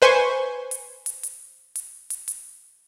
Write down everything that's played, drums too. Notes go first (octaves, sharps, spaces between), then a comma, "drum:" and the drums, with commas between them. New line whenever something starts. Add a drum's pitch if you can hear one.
B4 C5 G#5 C6 C#6
drum: hi-hat
drum: hi-hat
drum: hi-hat
drum: hi-hat
drum: hi-hat
drum: hi-hat